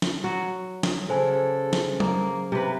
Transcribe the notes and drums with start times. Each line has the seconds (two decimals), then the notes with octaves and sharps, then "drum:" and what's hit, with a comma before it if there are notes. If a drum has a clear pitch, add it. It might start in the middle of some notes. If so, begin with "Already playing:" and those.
0.02 drum: snare
0.24 F#3 F#4
0.83 drum: snare
1.09 C#3 G#4 A4 C5 G#5
1.73 drum: snare
2.00 A#3, drum: tom F#3
2.52 C3 A#3 B4